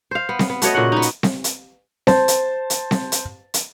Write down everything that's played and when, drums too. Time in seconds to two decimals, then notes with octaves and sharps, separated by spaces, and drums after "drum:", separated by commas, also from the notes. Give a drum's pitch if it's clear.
0.11 C5 F5
0.29 B3
0.39 drum: snare C4
0.50 B3
0.62 A3 F#4 C#5 D#5, drum: hi-hat
0.75 A#2 C#3 F#5
0.92 B3 D#4
1.02 drum: hi-hat
1.23 drum: snare C4
1.44 drum: hi-hat
2.07 C5 A5, drum: snare C4
2.28 drum: hi-hat
2.70 drum: hi-hat
2.91 drum: snare C4
3.12 drum: hi-hat
3.54 drum: hi-hat